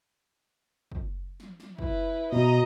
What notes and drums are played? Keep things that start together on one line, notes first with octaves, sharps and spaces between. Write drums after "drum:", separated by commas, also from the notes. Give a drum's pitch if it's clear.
drum: kick
drum: snare
drum: snare
E4 B4, drum: kick
B2 D#5 A#5